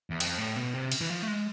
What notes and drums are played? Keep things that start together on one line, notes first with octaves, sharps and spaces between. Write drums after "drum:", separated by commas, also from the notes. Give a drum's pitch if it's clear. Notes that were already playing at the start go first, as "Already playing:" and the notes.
E2
F2, drum: cymbal
A2
B2
C3
drum: cymbal
E3
F3
A3
G#3